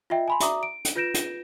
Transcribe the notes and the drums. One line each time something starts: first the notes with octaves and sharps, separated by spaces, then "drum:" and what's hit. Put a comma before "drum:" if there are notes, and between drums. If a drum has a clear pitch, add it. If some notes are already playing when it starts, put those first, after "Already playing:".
F4 D#5 E5 G5
G#5 B5 C6
F#4 D5 E5 A#5 D6 D#6, drum: hi-hat
D7
drum: hi-hat
F4 B4 G6 A#6 D7 E7
drum: hi-hat